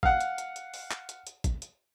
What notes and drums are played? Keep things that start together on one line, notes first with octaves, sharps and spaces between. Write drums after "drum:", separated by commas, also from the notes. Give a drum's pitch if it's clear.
F5 F#5, drum: kick
drum: hi-hat
drum: hi-hat
drum: hi-hat
drum: open hi-hat
drum: clap
drum: hi-hat
drum: hi-hat
drum: kick, hi-hat
drum: hi-hat